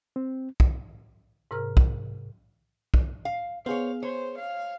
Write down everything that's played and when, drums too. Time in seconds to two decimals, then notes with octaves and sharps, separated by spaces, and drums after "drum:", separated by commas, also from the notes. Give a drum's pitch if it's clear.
0.16 C4
0.60 drum: kick
1.51 G#2 C3 A#4 A#5 F6
1.77 drum: kick
2.94 drum: kick
3.25 F5
3.66 B3 G#4 C5 C#5 F5
4.03 C5 C#5
4.39 F5